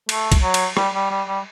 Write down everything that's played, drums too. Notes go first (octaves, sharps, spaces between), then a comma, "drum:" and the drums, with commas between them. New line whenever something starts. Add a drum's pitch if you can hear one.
A3, drum: cymbal
drum: kick C2, cymbal
F#3
drum: cymbal
G3, drum: rim click
G3
G3
G3